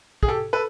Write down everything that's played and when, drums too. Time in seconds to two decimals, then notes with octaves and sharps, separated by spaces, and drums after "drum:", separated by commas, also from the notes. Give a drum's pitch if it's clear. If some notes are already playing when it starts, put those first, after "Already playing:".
0.23 G#4, drum: kick
0.28 G4 A4
0.53 A4 B4